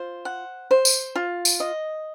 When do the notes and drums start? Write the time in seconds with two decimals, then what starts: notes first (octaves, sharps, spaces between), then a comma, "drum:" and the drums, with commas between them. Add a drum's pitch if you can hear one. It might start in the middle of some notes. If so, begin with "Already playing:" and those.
Already playing: F4 C5
0.25 F#5
0.71 C5
0.85 drum: tambourine
1.16 F4
1.45 drum: tambourine
1.60 D#5